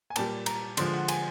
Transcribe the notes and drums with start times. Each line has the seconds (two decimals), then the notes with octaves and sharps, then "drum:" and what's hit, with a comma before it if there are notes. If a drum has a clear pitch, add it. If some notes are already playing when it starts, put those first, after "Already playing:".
0.10 G#5
0.16 A#2 G3 A5, drum: cymbal
0.46 A#5, drum: cymbal
0.77 D3 F3 G#3 C6, drum: cymbal
0.93 F#5
1.08 G#5, drum: cymbal